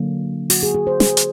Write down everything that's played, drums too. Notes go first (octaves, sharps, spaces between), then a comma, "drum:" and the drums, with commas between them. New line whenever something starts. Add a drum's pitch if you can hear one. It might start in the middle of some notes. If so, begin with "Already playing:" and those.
Already playing: D3 F#3 A#3
F#4, drum: open hi-hat
G#4
G#4
C5
G#4, drum: snare
drum: hi-hat